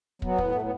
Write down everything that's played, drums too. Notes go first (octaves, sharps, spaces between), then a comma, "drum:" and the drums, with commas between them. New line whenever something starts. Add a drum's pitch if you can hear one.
F#3 B3, drum: kick
A2, drum: kick
A2 A3
B3